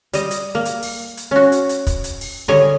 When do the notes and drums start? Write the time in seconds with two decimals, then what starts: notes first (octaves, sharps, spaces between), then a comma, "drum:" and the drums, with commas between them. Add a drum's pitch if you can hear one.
0.13 G3 D#5, drum: hi-hat
0.31 drum: hi-hat
0.55 A#3
0.65 drum: hi-hat
0.83 drum: open hi-hat
1.17 drum: hi-hat
1.31 C#4 F#4
1.52 drum: hi-hat
1.69 drum: hi-hat
1.87 drum: kick, hi-hat
2.04 drum: hi-hat
2.21 drum: open hi-hat
2.48 D3 G3 C#5 D#5 G#5